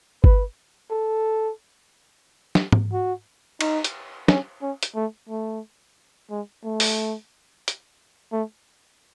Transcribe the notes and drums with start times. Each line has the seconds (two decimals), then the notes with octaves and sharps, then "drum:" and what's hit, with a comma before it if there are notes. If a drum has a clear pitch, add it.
0.24 B4, drum: kick G1
0.91 A4
2.55 drum: snare
2.72 drum: tom G#2
2.93 F#4
3.61 D#4, drum: cymbal
3.84 drum: hi-hat
4.28 C#4, drum: snare
4.62 C#4
4.83 drum: hi-hat
4.95 A3
5.29 A3
6.30 G#3
6.64 A3
6.80 drum: open hi-hat
7.68 drum: hi-hat
8.33 A3